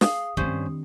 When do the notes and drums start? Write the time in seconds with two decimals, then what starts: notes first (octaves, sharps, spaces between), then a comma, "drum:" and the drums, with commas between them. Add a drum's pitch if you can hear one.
0.01 G#4 F5 D#6, drum: snare
0.37 G2 D#3 C4 C#4 C5